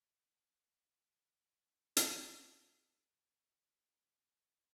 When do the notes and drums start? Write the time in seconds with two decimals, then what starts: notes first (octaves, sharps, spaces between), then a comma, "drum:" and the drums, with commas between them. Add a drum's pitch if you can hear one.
0.24 D#3
0.68 G2
1.97 drum: hi-hat
2.82 D#2 D5 D#5